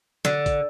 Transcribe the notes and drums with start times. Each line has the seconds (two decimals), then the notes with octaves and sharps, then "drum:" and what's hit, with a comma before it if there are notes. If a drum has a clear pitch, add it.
0.25 D3, drum: snare
0.46 drum: kick A1, hi-hat